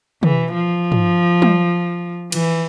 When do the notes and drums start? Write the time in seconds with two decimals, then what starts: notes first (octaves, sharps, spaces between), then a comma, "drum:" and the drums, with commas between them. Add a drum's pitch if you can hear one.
0.23 E3, drum: tom
0.53 F3
0.92 drum: tom
1.42 drum: tom
2.32 E3, drum: cymbal